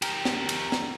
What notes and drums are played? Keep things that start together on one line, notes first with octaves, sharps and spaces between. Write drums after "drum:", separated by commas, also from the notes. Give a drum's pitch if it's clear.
G4 A#4, drum: cymbal
drum: snare
drum: cymbal
drum: snare